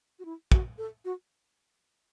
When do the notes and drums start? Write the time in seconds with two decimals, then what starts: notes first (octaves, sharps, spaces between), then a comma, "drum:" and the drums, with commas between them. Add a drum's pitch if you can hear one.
0.19 F#4
0.25 E4
0.52 F#4, drum: kick
0.78 A4
1.05 F#4